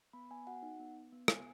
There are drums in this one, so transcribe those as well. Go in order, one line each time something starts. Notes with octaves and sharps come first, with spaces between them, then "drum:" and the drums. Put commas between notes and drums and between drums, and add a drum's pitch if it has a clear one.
B3 B5
B3 G#5
F#4 F#5
D#4
B3
B3
B3
B3 G#5, drum: rim click